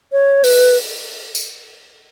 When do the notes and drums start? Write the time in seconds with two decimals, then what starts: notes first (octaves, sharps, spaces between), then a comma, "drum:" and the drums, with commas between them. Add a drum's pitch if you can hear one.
0.12 C#5
0.44 B4, drum: open hi-hat
1.35 drum: tambourine